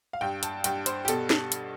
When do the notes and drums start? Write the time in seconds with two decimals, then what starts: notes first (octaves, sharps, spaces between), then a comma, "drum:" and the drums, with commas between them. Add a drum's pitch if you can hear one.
0.13 F5
0.21 G2 G5
0.43 A5, drum: hi-hat
0.64 G2 G5, drum: hi-hat
0.86 C5, drum: hi-hat
1.05 G4
1.08 B2 A4, drum: hi-hat
1.30 drum: snare
1.52 drum: hi-hat